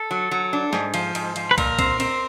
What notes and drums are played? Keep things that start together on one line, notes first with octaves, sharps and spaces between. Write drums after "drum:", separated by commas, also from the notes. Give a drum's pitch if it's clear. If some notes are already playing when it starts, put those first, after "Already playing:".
Already playing: A4
F#3
F#3
D4
G#2, drum: snare
F3, drum: cymbal
G#2, drum: cymbal
F3, drum: cymbal
B4
A#2 A#4, drum: kick, cymbal
C4, drum: kick, cymbal
C4, drum: cymbal